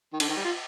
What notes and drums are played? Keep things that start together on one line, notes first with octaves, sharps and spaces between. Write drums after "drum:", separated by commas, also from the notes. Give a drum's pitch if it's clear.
D#3
D3, drum: cymbal
D#3
G3
F4